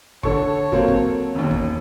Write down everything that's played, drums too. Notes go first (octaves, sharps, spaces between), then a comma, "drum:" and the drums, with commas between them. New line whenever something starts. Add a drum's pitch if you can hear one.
D3 A4 C#5 C#6, drum: kick
F#3 A#3 C4, drum: kick
drum: kick
E1 D#2
drum: kick